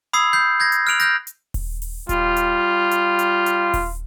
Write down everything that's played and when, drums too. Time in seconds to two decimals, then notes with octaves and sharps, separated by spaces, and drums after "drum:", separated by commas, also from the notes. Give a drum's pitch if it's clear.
0.13 B5 D#6 E6 G#6 C7
0.33 G6 C7
0.60 G6 G#6 A#6
0.72 drum: hi-hat
0.87 F6 F#6 D7 F7 F#7
1.00 F6 G6 A#6, drum: hi-hat
1.27 drum: hi-hat
1.54 drum: kick D#1, open hi-hat
1.82 drum: open hi-hat
2.09 G3 F4, drum: kick D#1, hi-hat
2.36 drum: hi-hat
2.91 drum: hi-hat
3.19 drum: hi-hat
3.46 drum: hi-hat
3.74 drum: kick D#1, open hi-hat